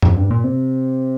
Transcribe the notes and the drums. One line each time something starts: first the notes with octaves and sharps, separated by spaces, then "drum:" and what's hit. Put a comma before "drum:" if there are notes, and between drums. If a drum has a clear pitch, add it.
F2, drum: tom G2
G2
A#2
C3